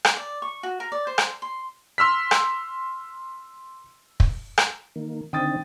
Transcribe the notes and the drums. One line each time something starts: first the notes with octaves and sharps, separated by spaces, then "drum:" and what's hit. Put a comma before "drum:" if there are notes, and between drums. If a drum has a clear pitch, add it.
drum: rim click
D5
C#6
F#4
A#4
D5
C5
drum: rim click
C6
C6 E6 F6 B6
drum: rim click
drum: kick
drum: rim click
D#3 A#3
D3 D#3 C4 G5 D#6 A6